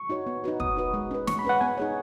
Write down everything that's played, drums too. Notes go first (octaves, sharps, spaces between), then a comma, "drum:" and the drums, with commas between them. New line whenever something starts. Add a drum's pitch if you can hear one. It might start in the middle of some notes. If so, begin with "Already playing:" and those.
Already playing: C#6
D#4 F#4 C#5
B3
D#4 F#4 B4
B3 D#6, drum: kick
D#4 F#4 B4
G#3
C#4 B4
G#3 C#6, drum: snare
B5
C#4 B4 F#5
B3 G#5
D#4 G#4 C#5